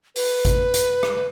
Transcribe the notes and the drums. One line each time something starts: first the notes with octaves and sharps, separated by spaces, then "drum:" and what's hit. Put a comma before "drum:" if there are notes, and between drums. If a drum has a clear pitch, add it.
B4, drum: open hi-hat
drum: kick G#1, hi-hat
drum: hi-hat
drum: rim click